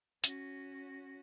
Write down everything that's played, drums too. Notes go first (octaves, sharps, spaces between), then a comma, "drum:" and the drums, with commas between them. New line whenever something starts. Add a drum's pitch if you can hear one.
C#4 F#4, drum: hi-hat